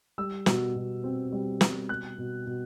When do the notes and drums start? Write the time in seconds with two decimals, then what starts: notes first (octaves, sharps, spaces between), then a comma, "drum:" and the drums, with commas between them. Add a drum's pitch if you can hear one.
0.18 G3 E6
0.46 B2, drum: snare
0.75 B2
1.04 C4
1.32 G3
1.61 B2, drum: snare
1.89 G3 F#6
2.18 B2
2.46 B2